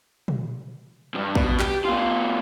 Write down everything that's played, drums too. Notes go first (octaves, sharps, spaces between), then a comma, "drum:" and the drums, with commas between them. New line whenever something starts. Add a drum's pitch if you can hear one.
drum: tom
E2 G2
B2, drum: kick
G4, drum: clap
B2 F4